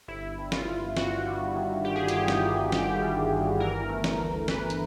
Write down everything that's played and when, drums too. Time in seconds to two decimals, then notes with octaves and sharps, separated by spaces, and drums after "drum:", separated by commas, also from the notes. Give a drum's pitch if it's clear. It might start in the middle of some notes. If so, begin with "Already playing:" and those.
0.08 G1 E4
0.38 G2
0.52 F4, drum: snare
0.68 G1
0.97 G2 F#4, drum: snare
1.26 G3
1.55 D#3
1.84 G1 G4
1.95 G#4
2.08 G4, drum: hi-hat
2.14 G2
2.28 drum: snare
2.43 D#3
2.72 G1 G4, drum: snare
3.02 G3
3.31 G1
3.60 E3 A#4
3.89 A3
4.04 drum: snare
4.19 D2
4.48 E3 B4, drum: snare
4.70 drum: hi-hat